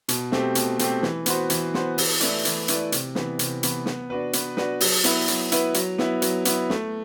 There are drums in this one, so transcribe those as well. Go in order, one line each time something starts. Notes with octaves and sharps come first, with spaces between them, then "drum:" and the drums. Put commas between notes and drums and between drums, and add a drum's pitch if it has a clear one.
B2, drum: hi-hat
A3 C4 G4, drum: snare
B2, drum: hi-hat
A3 C4 G4, drum: hi-hat
E3, drum: snare
B3 F#4 C5, drum: hi-hat
E3, drum: hi-hat
B3 F#4 C5, drum: snare
E3, drum: open hi-hat
A3 E4 B4 D5, drum: hi-hat
E3, drum: hi-hat
A3 E4 B4 D5, drum: hi-hat
C3, drum: hi-hat
E3 B3, drum: snare
C3, drum: hi-hat
E3 B3, drum: hi-hat
B3, drum: snare
D4 F#4 B4
B3, drum: hi-hat
D4 F#4 B4, drum: snare
F#3, drum: open hi-hat
B3 E4 B4, drum: hi-hat
F#3, drum: hi-hat
B3 E4 B4, drum: hi-hat
F#3, drum: hi-hat
B3 E4, drum: snare
F#3, drum: hi-hat
B3 E4, drum: hi-hat
A3, drum: snare